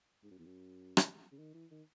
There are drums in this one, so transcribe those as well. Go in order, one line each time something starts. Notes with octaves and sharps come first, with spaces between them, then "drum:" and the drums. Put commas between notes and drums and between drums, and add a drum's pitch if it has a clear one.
G#2
F#2
E2
F#2
drum: rim click
C#3
D#3
E3
D#3